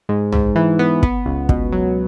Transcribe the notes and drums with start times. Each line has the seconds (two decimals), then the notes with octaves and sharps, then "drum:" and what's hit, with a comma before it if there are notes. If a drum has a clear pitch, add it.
0.09 G#2
0.32 G#2, drum: tom B1
0.56 E3
0.79 B3
1.03 B3, drum: kick
1.26 C#2
1.49 B2, drum: kick
1.72 F#3